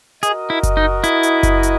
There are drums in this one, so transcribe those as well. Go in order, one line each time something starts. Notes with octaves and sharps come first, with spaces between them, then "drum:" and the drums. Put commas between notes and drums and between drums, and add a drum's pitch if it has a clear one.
F#4 G#4 A#4 D#5, drum: hi-hat
E4
drum: kick F#1, hi-hat
D#4
E4, drum: hi-hat
drum: hi-hat
drum: kick F#1, hi-hat
drum: hi-hat